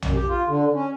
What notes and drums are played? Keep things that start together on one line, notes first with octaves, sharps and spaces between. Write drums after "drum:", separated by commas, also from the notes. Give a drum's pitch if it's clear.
F#2, drum: tom A#1
G4
F4
D3
C#4